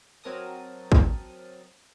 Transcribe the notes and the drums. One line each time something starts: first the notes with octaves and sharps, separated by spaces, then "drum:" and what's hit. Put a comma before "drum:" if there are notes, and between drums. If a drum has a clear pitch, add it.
F#3 C4 A#4 A5 D#6
drum: kick